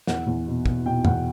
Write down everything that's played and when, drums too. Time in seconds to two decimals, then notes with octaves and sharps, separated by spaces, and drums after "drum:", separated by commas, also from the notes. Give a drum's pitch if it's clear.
0.07 E2 F#5, drum: snare
0.27 E2
0.47 B2
0.66 B2, drum: kick
0.86 B2 G5
1.05 E2 F#5, drum: tom